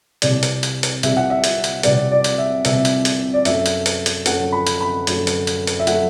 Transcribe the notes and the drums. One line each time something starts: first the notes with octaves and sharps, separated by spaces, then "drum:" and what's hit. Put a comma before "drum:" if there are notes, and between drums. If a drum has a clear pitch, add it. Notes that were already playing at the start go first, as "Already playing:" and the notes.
C2 C3 G3 D5, drum: hi-hat
drum: hi-hat
drum: hi-hat
drum: hi-hat
C2 C3 G3 E5, drum: hi-hat
F#5
E5
drum: hi-hat
drum: hi-hat
C2 C3 G3 D5, drum: hi-hat
D5
drum: hi-hat
E5
C2 C3 G3 E5, drum: hi-hat
drum: hi-hat
drum: hi-hat
D5
F#2 F#3 A3 E5, drum: hi-hat
drum: hi-hat
drum: hi-hat
drum: hi-hat
F#2 F#3 A3 F#5, drum: hi-hat
B5
drum: hi-hat
B5
F#2 F#3 A3, drum: hi-hat
drum: hi-hat
drum: hi-hat
drum: hi-hat
E5
F#3 A3 F#5, drum: hi-hat